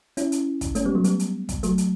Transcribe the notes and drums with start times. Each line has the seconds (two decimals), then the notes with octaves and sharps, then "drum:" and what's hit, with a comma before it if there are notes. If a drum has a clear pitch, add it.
0.17 C#4 E4, drum: hi-hat
0.32 drum: hi-hat
0.61 drum: kick, hi-hat
0.75 A3 C#4, drum: hi-hat
0.85 G3 B3
0.95 F#3 A3
1.04 G3 B3, drum: hi-hat
1.19 drum: hi-hat
1.49 drum: kick, hi-hat
1.63 F#3 A3, drum: hi-hat
1.78 drum: hi-hat